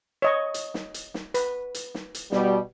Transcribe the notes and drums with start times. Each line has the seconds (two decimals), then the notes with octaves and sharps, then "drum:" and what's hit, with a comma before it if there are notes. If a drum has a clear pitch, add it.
0.22 C#5 D#5 C#6
0.54 drum: hi-hat
0.74 drum: snare
0.94 drum: hi-hat
1.14 drum: snare
1.34 B4, drum: hi-hat
1.74 drum: hi-hat
1.95 drum: snare
2.15 drum: hi-hat
2.32 B2 G3, drum: snare